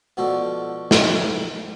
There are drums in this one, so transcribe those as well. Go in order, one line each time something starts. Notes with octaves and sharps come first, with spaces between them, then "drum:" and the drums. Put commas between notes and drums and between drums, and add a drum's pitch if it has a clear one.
B2 F3 F#4 A4 D5
drum: snare